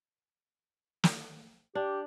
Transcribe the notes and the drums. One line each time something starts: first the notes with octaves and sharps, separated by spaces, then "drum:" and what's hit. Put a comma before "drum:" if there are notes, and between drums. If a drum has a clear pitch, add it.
drum: snare
D4 G4